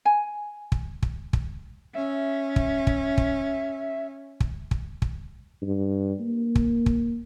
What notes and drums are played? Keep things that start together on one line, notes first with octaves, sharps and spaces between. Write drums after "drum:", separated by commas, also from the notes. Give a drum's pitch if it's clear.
G#5
drum: kick
drum: kick
drum: kick
C#4 E5
drum: kick
drum: kick
drum: kick
drum: kick
drum: kick
drum: kick
G2
A#3
drum: kick
drum: kick